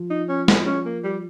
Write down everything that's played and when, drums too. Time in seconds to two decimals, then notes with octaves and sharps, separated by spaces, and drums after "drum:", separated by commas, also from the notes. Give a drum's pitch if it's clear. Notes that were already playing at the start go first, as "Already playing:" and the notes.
Already playing: F3
0.10 D#4
0.29 C#4
0.48 C4, drum: snare
0.67 C#4
0.86 A#3
1.04 G3